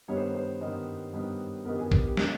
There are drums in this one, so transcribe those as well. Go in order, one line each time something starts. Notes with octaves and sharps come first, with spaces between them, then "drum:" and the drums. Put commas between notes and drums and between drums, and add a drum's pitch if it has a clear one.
G2 D#3 G3 B3 C#5
C5
C#5
C5
G2 D#3 G3 B3
G2 D#3 G3 B3
G2 D#3 G3 B3 A#4
G#4
G4, drum: kick A#1
G4
B2 G#3 B3, drum: snare